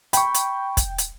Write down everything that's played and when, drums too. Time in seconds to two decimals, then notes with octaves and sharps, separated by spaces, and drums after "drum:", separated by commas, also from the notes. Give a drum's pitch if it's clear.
0.13 G5 B5 C#6, drum: hi-hat
0.34 drum: hi-hat
0.77 drum: kick, hi-hat
0.98 drum: hi-hat